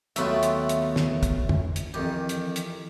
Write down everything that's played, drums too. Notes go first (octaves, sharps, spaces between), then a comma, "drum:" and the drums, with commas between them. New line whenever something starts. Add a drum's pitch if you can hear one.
D#2 F#3 A3 B3 F4 B4 E5 G5, drum: hi-hat
drum: hi-hat
drum: hi-hat
drum: snare
drum: kick, hi-hat
drum: tom F2
drum: hi-hat
F2 D#3 E3 G4
drum: hi-hat
drum: hi-hat